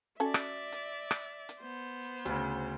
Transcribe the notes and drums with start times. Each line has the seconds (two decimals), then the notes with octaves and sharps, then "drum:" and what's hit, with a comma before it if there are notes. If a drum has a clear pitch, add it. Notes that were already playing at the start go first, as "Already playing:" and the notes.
0.20 C#4 F#4 A4 D5 E5
0.34 drum: rim click
0.72 drum: hi-hat
1.11 drum: rim click
1.49 drum: hi-hat
1.60 B3 C5
2.25 D2 C#3, drum: hi-hat